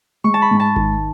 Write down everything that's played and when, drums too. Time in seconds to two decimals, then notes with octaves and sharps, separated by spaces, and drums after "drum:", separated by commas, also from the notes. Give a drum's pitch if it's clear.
0.24 G#3 C#6
0.34 A5
0.42 B5
0.51 G#2
0.60 A5
0.76 D#3, drum: kick G#1